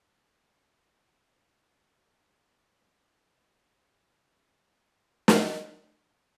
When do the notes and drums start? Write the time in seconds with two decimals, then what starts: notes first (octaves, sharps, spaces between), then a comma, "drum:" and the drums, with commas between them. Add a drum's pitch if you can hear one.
0.23 B3
2.31 C#6 C7 D7
2.50 D4 F#5 D7 D#7
2.64 A2 B3 E4 D#6 G#6
2.76 A2 F4 A#4
4.25 F#4
4.84 C#3 E4 C5
5.28 drum: snare